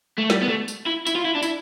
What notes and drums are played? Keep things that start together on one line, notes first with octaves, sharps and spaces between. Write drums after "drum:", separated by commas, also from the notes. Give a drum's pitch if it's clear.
A3
G3, drum: snare
B3
A3
drum: tambourine
E4
E4, drum: tambourine
F4
E4
D4
E4, drum: tambourine